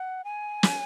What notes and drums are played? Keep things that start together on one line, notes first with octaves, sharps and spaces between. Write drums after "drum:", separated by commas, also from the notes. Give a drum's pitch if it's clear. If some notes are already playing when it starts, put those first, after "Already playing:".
Already playing: F#5
G#5
drum: snare